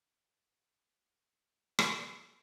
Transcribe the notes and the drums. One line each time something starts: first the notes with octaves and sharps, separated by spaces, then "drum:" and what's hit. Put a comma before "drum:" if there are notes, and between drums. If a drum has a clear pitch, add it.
C#3 A3 B4 F#5 A5 A#5
drum: rim click